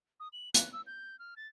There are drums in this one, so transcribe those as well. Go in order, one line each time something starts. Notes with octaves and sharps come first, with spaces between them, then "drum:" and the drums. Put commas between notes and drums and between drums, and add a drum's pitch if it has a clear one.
D#6
F#7
F#6, drum: hi-hat
E6
G6
F6
A6